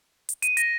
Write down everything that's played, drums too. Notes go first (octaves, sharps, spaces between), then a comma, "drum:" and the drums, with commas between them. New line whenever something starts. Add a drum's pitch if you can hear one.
drum: hi-hat
D#7, drum: hi-hat
A#6, drum: hi-hat